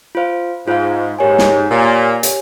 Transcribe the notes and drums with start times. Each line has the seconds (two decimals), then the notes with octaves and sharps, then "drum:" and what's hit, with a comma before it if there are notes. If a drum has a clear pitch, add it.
0.15 F4 C5 F5
0.67 G#2 F4 C5 F5
1.19 G#2 G4 A#4 C#5 G#5
1.38 drum: snare
1.71 A#2 G4 A#4 C#5 G#5
2.23 G4 C#5 G#5, drum: hi-hat